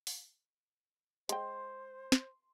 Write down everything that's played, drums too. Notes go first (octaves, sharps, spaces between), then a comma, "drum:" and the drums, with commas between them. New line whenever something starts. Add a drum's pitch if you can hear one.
drum: open hi-hat
G#3 C5 G5 C6, drum: hi-hat
drum: snare